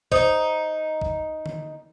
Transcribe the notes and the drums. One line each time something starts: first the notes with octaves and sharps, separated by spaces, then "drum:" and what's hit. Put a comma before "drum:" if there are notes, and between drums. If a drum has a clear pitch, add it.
D#4 C5 D#6, drum: kick
drum: kick
drum: tom D3